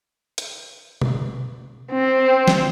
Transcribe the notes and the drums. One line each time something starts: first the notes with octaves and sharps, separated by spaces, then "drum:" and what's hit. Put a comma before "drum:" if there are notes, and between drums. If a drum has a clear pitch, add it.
drum: hi-hat
drum: tom B2
C4
drum: snare